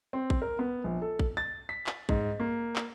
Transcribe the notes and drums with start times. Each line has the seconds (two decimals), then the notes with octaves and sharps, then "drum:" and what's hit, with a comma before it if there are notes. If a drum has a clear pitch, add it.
0.13 C4
0.30 drum: kick A1
0.42 A#4
0.59 B3
0.84 A#1
1.02 A4
1.19 drum: kick A1
1.37 A6
1.69 B6
1.86 drum: clap
2.09 G#2, drum: kick A1
2.40 A#3
2.76 drum: clap